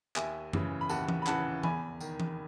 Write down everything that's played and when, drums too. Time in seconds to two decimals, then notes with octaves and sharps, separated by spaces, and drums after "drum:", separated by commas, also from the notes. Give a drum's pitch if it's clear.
0.16 D#2 E5 G#5, drum: clap
0.53 C#3 E3, drum: tom F#2
0.81 B5
0.89 D#2 F#5 A5, drum: tambourine
1.09 drum: tom E3
1.22 B5
1.27 C#3 E3 F#5 A5, drum: clap
1.63 E2 G#5 B5, drum: tom E3
2.00 D#3, drum: tambourine
2.20 drum: tom E3